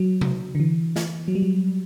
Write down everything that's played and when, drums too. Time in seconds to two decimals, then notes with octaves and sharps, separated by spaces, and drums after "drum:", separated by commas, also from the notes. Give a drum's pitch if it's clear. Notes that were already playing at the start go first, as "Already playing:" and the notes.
Already playing: F#3
0.21 drum: tom C3
0.55 D3
0.60 E3
0.96 drum: snare
1.28 F#3
1.35 G3
1.42 F#3